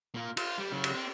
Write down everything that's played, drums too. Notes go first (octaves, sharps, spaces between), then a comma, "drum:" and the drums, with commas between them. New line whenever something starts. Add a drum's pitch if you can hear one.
A#2 A#3
F4, drum: cymbal
G3
C#3 F#3
drum: cymbal
C4